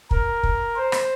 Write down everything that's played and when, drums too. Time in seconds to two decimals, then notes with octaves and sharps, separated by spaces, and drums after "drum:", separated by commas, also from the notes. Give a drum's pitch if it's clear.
0.11 A#4, drum: kick
0.43 drum: kick
0.76 C5
0.92 drum: rim click